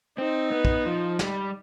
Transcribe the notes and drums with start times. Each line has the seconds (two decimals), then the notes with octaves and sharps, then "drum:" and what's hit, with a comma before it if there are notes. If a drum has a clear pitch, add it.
0.18 C4 D#4
0.52 B3
0.65 drum: kick
0.86 F3
1.19 G3, drum: snare